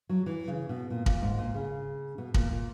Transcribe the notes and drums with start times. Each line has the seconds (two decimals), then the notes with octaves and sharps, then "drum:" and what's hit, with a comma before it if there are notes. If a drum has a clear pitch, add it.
0.09 F#3
0.26 E3
0.47 C#3
0.69 B2
0.90 A#2
1.06 A#2, drum: kick
1.22 G#2
1.38 A#2
1.54 C#3
2.18 B2
2.34 A#2, drum: kick
2.51 A#2